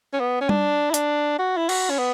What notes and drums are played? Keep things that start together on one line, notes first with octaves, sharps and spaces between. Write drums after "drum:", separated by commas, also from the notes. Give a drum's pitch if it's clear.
C#4
B3
C#4
D4, drum: tom G3
E4
D4, drum: hi-hat
F#4
E4
F#4, drum: cymbal
C#4
B3